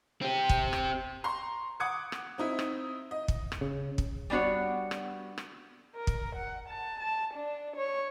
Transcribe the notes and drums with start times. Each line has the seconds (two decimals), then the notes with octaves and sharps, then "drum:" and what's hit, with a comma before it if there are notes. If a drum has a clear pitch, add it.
0.22 C4 G4
0.49 drum: kick
0.73 drum: rim click
1.24 A#5 C6 C#6
1.80 F#5 D6 D#6 G#6 C#7
2.12 drum: rim click
2.38 C4 D#4 E4
2.59 drum: rim click
3.11 D#5
3.28 drum: kick
3.52 drum: rim click
3.61 C#3
3.98 drum: kick
4.30 G3 B3 D4 F#4 C#5
4.91 drum: rim click
5.38 drum: rim click
5.95 A#4
6.07 drum: kick
6.36 F#5
6.69 A5
7.00 A5
7.34 D4
7.77 C#5